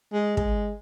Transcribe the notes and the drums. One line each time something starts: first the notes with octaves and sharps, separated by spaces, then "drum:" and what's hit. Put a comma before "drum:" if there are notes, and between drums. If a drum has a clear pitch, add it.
G#3
G#3, drum: kick